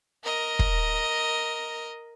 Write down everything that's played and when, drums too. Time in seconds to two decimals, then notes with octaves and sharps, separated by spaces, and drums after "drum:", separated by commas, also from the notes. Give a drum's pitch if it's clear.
0.24 A#4 D#5
0.59 drum: kick